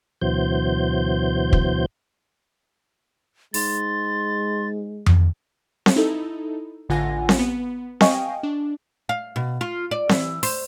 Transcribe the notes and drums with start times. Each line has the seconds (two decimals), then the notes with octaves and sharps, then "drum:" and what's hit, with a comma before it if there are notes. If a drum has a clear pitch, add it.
0.22 D2 B2 E3 F#3 C5 G6
1.53 drum: kick
3.54 G#2 G#3 C6 A6, drum: open hi-hat
5.06 drum: tom F2
5.86 drum: snare C4
5.96 D#4 E4 A4
6.89 A1 D3 F4 F#5 G#5 A#6
7.29 drum: snare C4
7.39 B3
8.01 D#5 F5 G5 G#5 C#6, drum: snare C4
8.43 D4
9.09 F5
9.36 B2
9.61 F4
9.91 D5
10.09 E3, drum: snare C4
10.43 C5, drum: open hi-hat